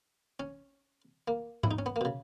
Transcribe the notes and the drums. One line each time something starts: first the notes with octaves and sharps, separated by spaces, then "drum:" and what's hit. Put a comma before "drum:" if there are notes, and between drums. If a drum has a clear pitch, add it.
C#4
A#3
E4, drum: tom G#2
D#4
C#4
B3
A#3
B2
C#3